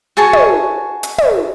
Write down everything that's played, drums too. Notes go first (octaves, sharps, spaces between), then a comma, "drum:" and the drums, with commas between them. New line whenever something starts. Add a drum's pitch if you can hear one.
F#4 G#4 A5 C#6
drum: tom
drum: hi-hat
drum: tom